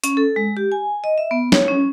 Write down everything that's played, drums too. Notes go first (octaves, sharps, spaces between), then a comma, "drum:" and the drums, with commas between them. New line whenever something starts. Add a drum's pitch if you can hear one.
C#4, drum: hi-hat
A4
G#3
G4
G#5
D#5
E5
B3
C#5, drum: snare
C#4